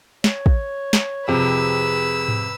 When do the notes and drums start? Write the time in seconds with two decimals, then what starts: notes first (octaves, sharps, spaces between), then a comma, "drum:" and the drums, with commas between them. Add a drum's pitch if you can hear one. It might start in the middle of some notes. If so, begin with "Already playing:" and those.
0.24 C#5, drum: snare
0.46 drum: kick
0.93 drum: snare
1.28 F2 C3 G#4 B4 E6
2.29 drum: tom G#2